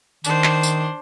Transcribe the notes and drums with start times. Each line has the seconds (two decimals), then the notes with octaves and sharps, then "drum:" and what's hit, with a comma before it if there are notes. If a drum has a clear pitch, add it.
0.25 D#3 D4 C5, drum: tambourine
0.44 drum: clap
0.63 drum: tambourine